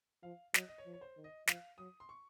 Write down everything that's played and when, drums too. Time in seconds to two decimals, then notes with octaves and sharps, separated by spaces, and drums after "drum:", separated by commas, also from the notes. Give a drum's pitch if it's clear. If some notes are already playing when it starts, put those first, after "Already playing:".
0.23 F3 F5
0.54 F#3 D#5, drum: snare
0.68 D#5
0.78 C#5
0.86 F3
0.93 C#5
1.01 C5
1.17 D#3
1.24 D#5
1.47 F3 F5, drum: snare
1.78 F#3 D#6
2.00 C6
2.09 C#6